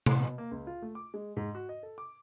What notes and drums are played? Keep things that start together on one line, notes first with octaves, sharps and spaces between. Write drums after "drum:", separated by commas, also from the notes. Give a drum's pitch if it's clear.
drum: tom C3
B2
A#3
C#2
F4
A3
D6
G#3
G#2
F#4
D#5
A4
D6